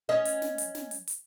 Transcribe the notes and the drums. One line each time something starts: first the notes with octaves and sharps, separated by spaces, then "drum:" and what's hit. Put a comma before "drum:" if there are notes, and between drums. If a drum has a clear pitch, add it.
C#4 D#5
drum: hi-hat
drum: snare
drum: hi-hat
drum: snare
drum: hi-hat
drum: hi-hat